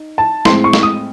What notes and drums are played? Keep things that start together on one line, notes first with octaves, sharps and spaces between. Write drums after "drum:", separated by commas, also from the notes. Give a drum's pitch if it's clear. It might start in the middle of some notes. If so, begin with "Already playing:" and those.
Already playing: D#4
A5
A2 G#3 C4 C6, drum: snare
C#6
drum: snare
D#6